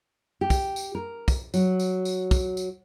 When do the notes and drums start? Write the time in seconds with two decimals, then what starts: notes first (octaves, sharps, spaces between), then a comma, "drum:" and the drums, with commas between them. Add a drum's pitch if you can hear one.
0.41 G4
0.50 drum: kick, tambourine
0.76 drum: tambourine
0.95 A#4
1.28 drum: kick, tambourine
1.54 F#3, drum: tambourine
1.80 drum: tambourine
2.05 drum: tambourine
2.31 drum: kick, tambourine
2.57 drum: tambourine